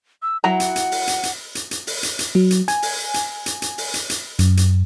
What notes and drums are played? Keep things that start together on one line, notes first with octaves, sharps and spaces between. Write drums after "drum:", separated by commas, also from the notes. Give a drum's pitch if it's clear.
E6
F#3 E4 F#5 A#5
drum: hi-hat
drum: hi-hat
drum: open hi-hat
drum: hi-hat
drum: hi-hat
drum: hi-hat
drum: hi-hat
drum: open hi-hat
drum: hi-hat
drum: hi-hat
F#3
drum: hi-hat
G#5, drum: hi-hat
drum: open hi-hat
drum: hi-hat
drum: hi-hat
drum: hi-hat
drum: open hi-hat
drum: hi-hat
drum: hi-hat
F#2, drum: hi-hat
drum: hi-hat